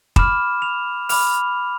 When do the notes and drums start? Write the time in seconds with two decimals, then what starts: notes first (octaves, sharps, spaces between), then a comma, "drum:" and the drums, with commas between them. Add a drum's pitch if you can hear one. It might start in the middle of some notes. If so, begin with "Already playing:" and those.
0.16 B5 D6 F6 E7, drum: kick
0.62 F7
1.09 B5 D6 F6 F7, drum: open hi-hat